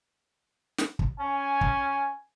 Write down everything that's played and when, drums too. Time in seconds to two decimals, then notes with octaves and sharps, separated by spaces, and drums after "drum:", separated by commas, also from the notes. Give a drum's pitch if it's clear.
0.78 drum: snare
0.99 drum: kick
1.20 C#4 G#5
1.61 drum: kick